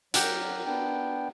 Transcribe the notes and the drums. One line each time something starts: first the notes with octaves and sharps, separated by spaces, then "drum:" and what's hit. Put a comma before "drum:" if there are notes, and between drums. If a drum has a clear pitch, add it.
F#3 G4 A#4 F#5, drum: hi-hat
B3 D4 G5